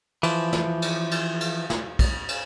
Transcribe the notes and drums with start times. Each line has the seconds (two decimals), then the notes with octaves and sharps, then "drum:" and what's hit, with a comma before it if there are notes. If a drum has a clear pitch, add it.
0.23 E3 F3, drum: cymbal
0.53 drum: snare
0.82 drum: cymbal
1.11 drum: cymbal
1.41 drum: cymbal
1.70 drum: snare
1.99 drum: kick, cymbal
2.29 drum: cymbal